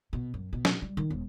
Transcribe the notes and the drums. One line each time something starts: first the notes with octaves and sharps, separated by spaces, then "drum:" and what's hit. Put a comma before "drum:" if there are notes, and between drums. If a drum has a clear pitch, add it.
B2
F#2
B2
drum: snare
G3
D#3
E1